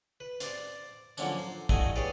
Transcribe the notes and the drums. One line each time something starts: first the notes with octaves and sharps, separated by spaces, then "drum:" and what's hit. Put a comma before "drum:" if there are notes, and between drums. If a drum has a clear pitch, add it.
B4
C5 D5, drum: hi-hat
D3 F3 F#3 A#3 C#4 D4, drum: tambourine
C5
G2 A3 E4 F#4 D#5 G#5, drum: kick
G4 G#4 B4 C#5 D5